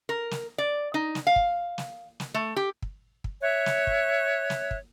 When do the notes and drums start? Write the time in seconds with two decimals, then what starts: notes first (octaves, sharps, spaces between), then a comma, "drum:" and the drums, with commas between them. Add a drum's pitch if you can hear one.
0.09 A#4
0.31 drum: snare
0.58 D5
0.94 D#4
1.15 drum: snare
1.27 F5
1.36 drum: kick
1.78 drum: snare
2.20 drum: snare
2.34 A3
2.56 G4
2.82 drum: kick
3.24 drum: kick
3.41 C#5 E5 F#6
3.66 drum: snare
3.87 drum: kick
4.50 drum: snare
4.71 drum: kick